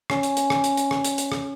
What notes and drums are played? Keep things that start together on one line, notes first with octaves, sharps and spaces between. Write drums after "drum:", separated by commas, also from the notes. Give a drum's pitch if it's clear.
C#4, drum: rim click
drum: hi-hat
drum: hi-hat
drum: rim click
drum: hi-hat
drum: hi-hat
drum: rim click
drum: hi-hat
drum: hi-hat
drum: rim click